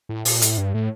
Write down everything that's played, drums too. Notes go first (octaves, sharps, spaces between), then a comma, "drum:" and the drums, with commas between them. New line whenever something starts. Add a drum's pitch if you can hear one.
A2
A#2, drum: open hi-hat
A2, drum: hi-hat
G2
A2